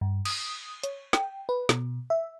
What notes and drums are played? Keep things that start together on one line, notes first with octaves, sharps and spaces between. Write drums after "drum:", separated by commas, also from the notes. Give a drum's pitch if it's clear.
G2
D#6, drum: cymbal
C#5, drum: hi-hat
G5, drum: snare
B4
B2, drum: snare
E5